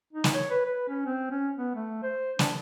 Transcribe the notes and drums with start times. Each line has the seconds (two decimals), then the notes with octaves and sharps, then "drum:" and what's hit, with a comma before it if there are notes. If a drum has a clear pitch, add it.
0.13 D#4
0.24 drum: snare
0.34 C#5
0.50 B4
0.66 B4
0.88 C#4
1.06 C4
1.31 C#4
1.57 B3
1.75 A3
2.03 C5
2.39 D4, drum: snare